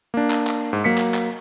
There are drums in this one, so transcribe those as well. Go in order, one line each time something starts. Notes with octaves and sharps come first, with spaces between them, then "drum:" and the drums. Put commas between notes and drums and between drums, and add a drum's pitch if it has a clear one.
A#3 D4
drum: clap
drum: clap
G#2
F#3 A#3 B6 C#7
drum: clap
drum: clap